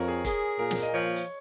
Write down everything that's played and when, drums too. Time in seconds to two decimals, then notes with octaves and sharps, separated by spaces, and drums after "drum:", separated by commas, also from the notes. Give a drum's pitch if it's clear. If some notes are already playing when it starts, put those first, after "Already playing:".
Already playing: F2 A#4 C#5
0.08 G#4
0.25 G#4 A#4, drum: kick E1, hi-hat
0.59 A#2 A#4
0.71 drum: snare
0.82 D#5
0.93 F3 C#5
1.16 drum: hi-hat